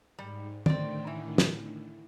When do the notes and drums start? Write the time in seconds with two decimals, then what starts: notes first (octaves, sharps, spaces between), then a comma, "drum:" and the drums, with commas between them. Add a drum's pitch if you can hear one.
0.19 G#2 G3
0.66 A2 D3 D#3 C4 D5, drum: tom
1.07 E3
1.38 drum: snare